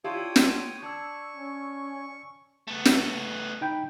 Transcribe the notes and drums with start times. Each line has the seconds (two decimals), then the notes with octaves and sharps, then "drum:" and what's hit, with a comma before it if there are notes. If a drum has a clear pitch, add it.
0.04 D4 E4 F4 G4 C#5 G5 D#6
0.36 drum: snare
0.82 D4 C#6 E6 G#6
1.36 C#4
2.68 A3 B3
2.85 drum: snare
3.61 D#4 G5 B5